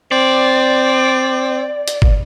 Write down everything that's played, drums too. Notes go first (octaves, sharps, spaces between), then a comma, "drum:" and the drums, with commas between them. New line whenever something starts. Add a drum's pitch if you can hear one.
C4 D5
drum: hi-hat
drum: kick G1